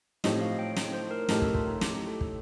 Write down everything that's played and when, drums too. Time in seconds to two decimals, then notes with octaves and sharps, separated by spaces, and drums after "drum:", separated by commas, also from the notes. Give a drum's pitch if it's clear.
0.24 A2 F3 C4 D#4 G4 D#5, drum: snare
0.41 F5
0.59 G5
0.76 drum: snare
0.93 C5
1.11 A#4
1.29 A2 A3 D#4 G4 A#4, drum: snare
1.42 A4, drum: kick
1.55 F4, drum: kick
1.68 D#4
1.81 G4, drum: snare
2.07 A4
2.21 drum: kick